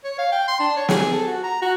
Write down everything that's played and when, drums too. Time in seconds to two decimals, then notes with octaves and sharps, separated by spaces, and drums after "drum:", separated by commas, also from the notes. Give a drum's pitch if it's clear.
0.04 C#5
0.18 F5
0.32 G5
0.48 C6
0.60 D4
0.77 C#5
0.89 G#4, drum: snare
1.13 A4
1.27 F#4
1.43 A#5
1.62 F#4